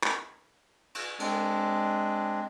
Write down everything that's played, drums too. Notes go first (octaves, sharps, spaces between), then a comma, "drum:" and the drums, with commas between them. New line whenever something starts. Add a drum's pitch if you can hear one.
drum: clap
drum: cymbal
G#3 C4 D4, drum: cymbal